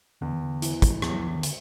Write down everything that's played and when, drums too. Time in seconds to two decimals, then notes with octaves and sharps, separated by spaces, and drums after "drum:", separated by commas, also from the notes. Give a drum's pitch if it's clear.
0.21 E2 D3
0.33 D#3
0.44 D3
0.62 E3, drum: hi-hat
0.82 drum: kick, hi-hat
1.02 E2, drum: rim click
1.11 F#3
1.19 F3
1.27 E3
1.35 D#3
1.43 D3, drum: hi-hat